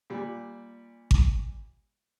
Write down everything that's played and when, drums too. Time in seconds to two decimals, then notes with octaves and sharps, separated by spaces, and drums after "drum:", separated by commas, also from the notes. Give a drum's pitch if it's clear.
0.10 A#2 G3
1.11 drum: kick G#1